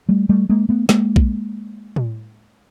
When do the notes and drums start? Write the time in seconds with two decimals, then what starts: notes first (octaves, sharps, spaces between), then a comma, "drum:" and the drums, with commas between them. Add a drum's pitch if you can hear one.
0.09 G3 A3
0.29 G3 A3
0.49 G#3 A#3
0.69 A3 B3
0.89 G#3 A#3, drum: snare
1.16 drum: kick A#1
1.96 drum: tom A2